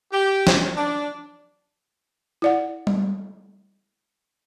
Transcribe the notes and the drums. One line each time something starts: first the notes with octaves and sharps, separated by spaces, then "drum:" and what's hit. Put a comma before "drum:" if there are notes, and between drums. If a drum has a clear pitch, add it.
G4
drum: snare
D4
E4 D5 F#5
drum: tom G3